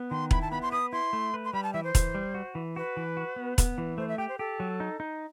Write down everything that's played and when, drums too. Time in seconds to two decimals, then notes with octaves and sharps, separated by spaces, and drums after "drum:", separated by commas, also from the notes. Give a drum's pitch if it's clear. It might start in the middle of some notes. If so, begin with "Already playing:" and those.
Already playing: B3
0.11 D#3 C6
0.31 E4 B5, drum: kick E1
0.42 A5
0.51 B3 B5
0.62 C6
0.72 B4 D#6
0.92 E4 C6
1.13 A3
1.34 B4
1.45 C6
1.53 G3 B5
1.63 A5
1.73 E3 E5
1.84 C5
1.95 E3, drum: kick E1, hi-hat
2.15 G3
2.34 F#4
2.55 E3
2.76 F#4 B4
2.97 E3
3.17 F#4
3.36 B3
3.58 B3, drum: kick E1, hi-hat
3.78 E3
3.98 A3 C5
4.08 E5
4.18 G4 G5
4.29 C5
4.38 G4 A4
4.60 F#3
4.80 D#4
5.00 D#4